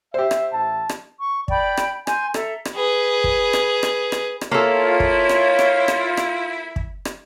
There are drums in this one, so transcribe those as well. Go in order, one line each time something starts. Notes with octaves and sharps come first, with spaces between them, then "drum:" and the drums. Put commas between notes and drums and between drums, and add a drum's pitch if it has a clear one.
G4 C5 E5
drum: rim click
A1 E5 A5
drum: rim click
C#6
D5 G5 B5, drum: kick
drum: rim click
G#5 C6 G6, drum: rim click
A4 E5 A#5, drum: rim click
drum: rim click
G#4 B4
drum: kick
drum: rim click
drum: rim click
drum: rim click
drum: rim click
A#3 E4 F4 A4 C#5
drum: kick
drum: rim click
drum: rim click
drum: rim click
drum: rim click
drum: kick
drum: rim click